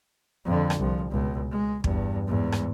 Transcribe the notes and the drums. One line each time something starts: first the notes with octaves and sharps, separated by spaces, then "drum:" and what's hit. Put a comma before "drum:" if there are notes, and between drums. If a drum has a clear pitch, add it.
F2 D3
drum: rim click
C2 F3
C#2 B2
G#3
E2 G2, drum: kick
E2 G#2
drum: rim click